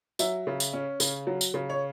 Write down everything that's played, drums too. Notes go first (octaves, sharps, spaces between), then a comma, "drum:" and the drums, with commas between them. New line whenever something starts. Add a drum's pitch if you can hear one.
F#3 E5, drum: tambourine
C#3
drum: tambourine
C#4
C#3, drum: tambourine
F#3
drum: tambourine
C#3
C#5